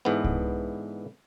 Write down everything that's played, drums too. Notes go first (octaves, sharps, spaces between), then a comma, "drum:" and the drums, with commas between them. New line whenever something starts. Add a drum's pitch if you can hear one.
G#2 D3 E3 B3
drum: kick C2